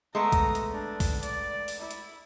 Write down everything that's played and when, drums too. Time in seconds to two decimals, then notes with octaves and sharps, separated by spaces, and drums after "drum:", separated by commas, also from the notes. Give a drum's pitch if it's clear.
0.15 G#3 A3 B3 A#5
0.32 drum: kick, hi-hat
0.55 drum: hi-hat
0.71 D4
1.00 drum: kick, open hi-hat
1.23 D5, drum: hi-hat
1.68 drum: open hi-hat
1.80 E4
1.91 drum: hi-hat